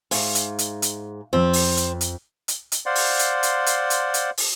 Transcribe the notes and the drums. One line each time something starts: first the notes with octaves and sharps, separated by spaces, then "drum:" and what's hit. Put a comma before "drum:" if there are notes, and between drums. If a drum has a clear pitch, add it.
G#2 E5 F5 C#6, drum: open hi-hat
drum: hi-hat
drum: hi-hat
drum: hi-hat
F2 F3 C4
drum: open hi-hat
drum: hi-hat
drum: hi-hat
drum: hi-hat
drum: hi-hat
C5 D5 F5 F#5 C6
drum: open hi-hat
drum: hi-hat
drum: hi-hat
drum: hi-hat
drum: hi-hat
drum: hi-hat
drum: open hi-hat